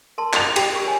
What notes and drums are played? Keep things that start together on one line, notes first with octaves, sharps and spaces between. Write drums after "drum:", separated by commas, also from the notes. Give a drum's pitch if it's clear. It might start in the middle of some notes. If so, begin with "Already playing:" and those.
A#4 A5 C6
G5 D6 F7, drum: clap
G4, drum: cymbal
A#4 C#6
C#5 G#5